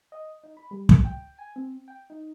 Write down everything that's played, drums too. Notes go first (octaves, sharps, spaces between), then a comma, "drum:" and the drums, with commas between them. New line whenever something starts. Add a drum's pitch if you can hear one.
D#5
D#4
B5
G3
drum: kick
G5
G#5
C4
G5
D#4